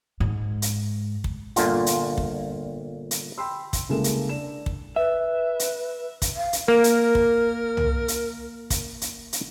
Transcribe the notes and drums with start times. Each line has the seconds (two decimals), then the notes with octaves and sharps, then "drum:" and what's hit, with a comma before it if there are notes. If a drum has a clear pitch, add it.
0.20 G#2
0.62 drum: hi-hat
1.24 drum: kick
1.56 G1 A#2 D3 F4, drum: hi-hat
1.86 drum: hi-hat
2.18 drum: kick
3.11 drum: hi-hat
3.38 G5 B5 C6 E6
3.73 drum: kick, hi-hat
3.89 C2 C#3 G#3 A#3 A4 E7
4.04 drum: hi-hat
4.29 D4 E7
4.66 drum: kick
4.96 B4 E5
5.60 drum: hi-hat
6.22 drum: kick, hi-hat
6.37 F5
6.53 drum: hi-hat
6.68 A#3 A#4
6.84 drum: hi-hat
7.15 drum: kick
7.77 drum: tom C2
8.08 drum: hi-hat
8.70 drum: kick, hi-hat
9.01 drum: hi-hat
9.33 drum: hi-hat